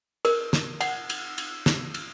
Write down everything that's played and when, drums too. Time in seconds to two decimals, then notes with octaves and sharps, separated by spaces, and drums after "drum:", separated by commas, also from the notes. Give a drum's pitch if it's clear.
0.25 A#4, drum: cymbal
0.53 drum: snare
0.81 F#5, drum: cymbal
1.10 drum: cymbal
1.38 drum: cymbal
1.66 drum: snare
1.94 drum: cymbal